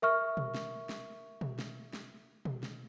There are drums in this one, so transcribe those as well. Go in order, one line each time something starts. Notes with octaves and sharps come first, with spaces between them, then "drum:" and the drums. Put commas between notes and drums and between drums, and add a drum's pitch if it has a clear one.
A#4 E5 C#6 F6
drum: tom B2
drum: snare
drum: snare
drum: tom B2
drum: snare
drum: snare
drum: tom B2
drum: snare